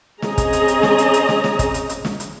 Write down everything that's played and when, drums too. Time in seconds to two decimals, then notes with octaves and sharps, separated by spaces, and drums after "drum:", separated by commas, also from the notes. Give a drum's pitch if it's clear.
0.22 C4 C#4 G#4 D#5 A#5, drum: snare
0.38 drum: kick, hi-hat
0.53 drum: hi-hat
0.68 drum: hi-hat
0.83 drum: snare
0.98 drum: hi-hat
1.13 drum: hi-hat
1.29 drum: snare
1.44 drum: snare
1.59 drum: kick, hi-hat
1.74 drum: hi-hat
1.89 drum: hi-hat
2.05 drum: snare
2.20 drum: hi-hat